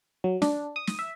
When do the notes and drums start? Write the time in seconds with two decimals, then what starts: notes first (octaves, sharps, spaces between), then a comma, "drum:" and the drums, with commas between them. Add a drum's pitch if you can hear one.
0.24 F#3
0.42 D4, drum: snare
0.76 D#6
0.87 drum: snare
0.99 E5